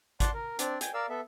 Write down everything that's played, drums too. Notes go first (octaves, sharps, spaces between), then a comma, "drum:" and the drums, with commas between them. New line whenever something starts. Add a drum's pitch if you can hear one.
D5 F#5 A5 C6, drum: kick G#1, hi-hat
A#4
C4 D4 D5, drum: hi-hat
G5 G#5, drum: hi-hat
A#4 D5 F5 E6
B3 A4 E5